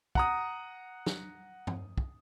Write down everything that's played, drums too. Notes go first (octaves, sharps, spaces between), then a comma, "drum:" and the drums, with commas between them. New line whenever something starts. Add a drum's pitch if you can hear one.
F#5 A#5 D#6, drum: kick
drum: snare
drum: tom G2
drum: kick